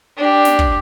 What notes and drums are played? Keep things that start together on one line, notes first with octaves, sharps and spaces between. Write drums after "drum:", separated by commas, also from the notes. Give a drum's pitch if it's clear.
D4 G4
drum: snare
drum: kick